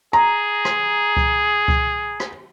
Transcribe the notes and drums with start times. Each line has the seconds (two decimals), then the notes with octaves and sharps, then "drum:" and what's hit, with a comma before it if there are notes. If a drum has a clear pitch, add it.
0.13 G#4 A#5
0.65 drum: rim click
1.17 drum: kick C#2
1.68 drum: kick C#2
2.20 drum: rim click